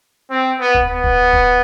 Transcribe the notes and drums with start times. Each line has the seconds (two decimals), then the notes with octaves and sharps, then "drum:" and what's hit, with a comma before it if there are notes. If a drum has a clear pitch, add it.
0.30 C4
0.60 B3
0.74 drum: kick D1
0.90 B3
1.04 drum: kick D1
1.33 drum: kick D1